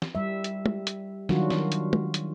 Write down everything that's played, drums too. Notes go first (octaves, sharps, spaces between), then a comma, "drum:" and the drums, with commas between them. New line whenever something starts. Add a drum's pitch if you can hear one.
drum: snare
G3 E5
drum: hi-hat
drum: tom
drum: hi-hat
D#3 F#3 G3 D4 F4 F#4, drum: snare
drum: snare
drum: hi-hat
drum: tom
drum: hi-hat